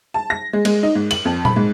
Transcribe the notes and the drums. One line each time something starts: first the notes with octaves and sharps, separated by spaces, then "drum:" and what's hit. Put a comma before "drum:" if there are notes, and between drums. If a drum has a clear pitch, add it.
A5
A#6
G#3
G#3, drum: cymbal
D#4
G#2
F#7, drum: cymbal
F2
B5, drum: tom A#2
G#2